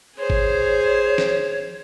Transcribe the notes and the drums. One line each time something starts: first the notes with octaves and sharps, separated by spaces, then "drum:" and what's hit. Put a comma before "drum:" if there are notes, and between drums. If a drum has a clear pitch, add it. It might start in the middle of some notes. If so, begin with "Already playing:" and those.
G#4 C5 C#5
drum: kick G#1
drum: snare